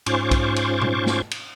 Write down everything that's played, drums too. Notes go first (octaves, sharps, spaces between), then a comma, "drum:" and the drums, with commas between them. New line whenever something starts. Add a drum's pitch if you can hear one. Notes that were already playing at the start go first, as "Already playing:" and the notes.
G#2 C#4 F4 C5 C#6 D6, drum: cymbal
drum: kick B1, cymbal
drum: cymbal
drum: tom A#2
drum: snare
drum: cymbal